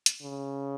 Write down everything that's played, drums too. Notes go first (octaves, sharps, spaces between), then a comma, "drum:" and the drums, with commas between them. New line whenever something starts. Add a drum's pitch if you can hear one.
drum: hi-hat
C#3